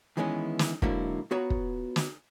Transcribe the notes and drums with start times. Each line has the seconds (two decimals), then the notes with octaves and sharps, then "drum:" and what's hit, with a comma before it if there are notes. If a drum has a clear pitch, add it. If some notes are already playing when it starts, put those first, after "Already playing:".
0.17 D#3 E3 G#3 B3 C#4 E4
0.59 drum: snare
0.82 G#2 D3 F#3 A#3 E4, drum: kick
1.31 B3 F4 F#4 B4 C#5 A#5
1.50 drum: kick
1.96 drum: snare